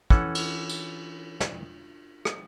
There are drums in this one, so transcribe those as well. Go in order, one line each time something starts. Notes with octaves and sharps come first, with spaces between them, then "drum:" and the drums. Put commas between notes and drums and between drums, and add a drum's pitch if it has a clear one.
E3 C#4 A4 F#5, drum: kick
drum: cymbal
drum: tambourine
drum: snare
drum: rim click